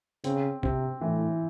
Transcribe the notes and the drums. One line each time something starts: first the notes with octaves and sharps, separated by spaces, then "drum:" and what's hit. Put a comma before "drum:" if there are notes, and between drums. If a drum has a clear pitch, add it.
C#3 C4, drum: hi-hat
C3 C4, drum: kick G#1
A2 E3